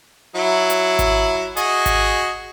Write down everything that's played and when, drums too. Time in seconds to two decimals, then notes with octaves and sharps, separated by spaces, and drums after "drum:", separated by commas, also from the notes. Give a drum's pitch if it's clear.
0.35 F#3 E4
0.70 drum: hi-hat
0.99 drum: kick G#1, hi-hat
1.57 F#4 G#4 D#5, drum: hi-hat
1.86 drum: kick G#1, hi-hat